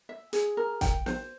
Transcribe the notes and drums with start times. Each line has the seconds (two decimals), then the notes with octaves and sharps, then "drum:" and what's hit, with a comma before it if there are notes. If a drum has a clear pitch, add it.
0.09 E5
0.33 G#4, drum: hi-hat
0.57 A#4
0.81 G5, drum: kick, hi-hat
1.06 C5, drum: snare